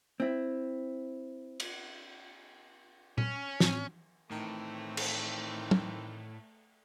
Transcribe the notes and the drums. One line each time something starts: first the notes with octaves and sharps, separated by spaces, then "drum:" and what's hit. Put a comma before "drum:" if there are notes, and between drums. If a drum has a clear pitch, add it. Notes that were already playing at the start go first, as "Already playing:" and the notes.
C4 E4
drum: cymbal
C#4, drum: tom A#2
A2 C4, drum: snare
A2 D#3 E3 A3 C4
drum: cymbal
drum: tom